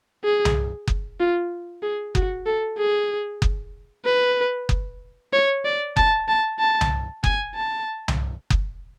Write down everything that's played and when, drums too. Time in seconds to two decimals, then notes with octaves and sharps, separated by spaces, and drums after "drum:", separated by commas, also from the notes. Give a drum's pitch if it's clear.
0.24 G#4
0.45 drum: tom C2
0.87 drum: kick F#1
1.20 F4
1.82 G#4
2.15 F#4, drum: kick F#1
2.46 A4
2.78 G#4
3.42 drum: kick F#1
4.05 B4
4.69 drum: kick F#1
5.33 C#5
5.65 D5
5.96 A5, drum: kick F#1
6.28 A5
6.59 A5
6.81 drum: tom C2
7.24 G#5, drum: kick F#1
7.54 A5
8.08 drum: tom C2
8.50 drum: kick F#1